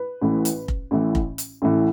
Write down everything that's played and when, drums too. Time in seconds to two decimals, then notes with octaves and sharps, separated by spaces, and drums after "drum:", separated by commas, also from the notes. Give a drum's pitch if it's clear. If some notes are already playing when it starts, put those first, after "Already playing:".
Already playing: B4
0.22 A1 A2 E3
0.45 drum: hi-hat
0.68 drum: kick F1
0.91 A1 A2 E3
1.15 drum: kick F1
1.38 drum: hi-hat
1.62 A1 A2 E3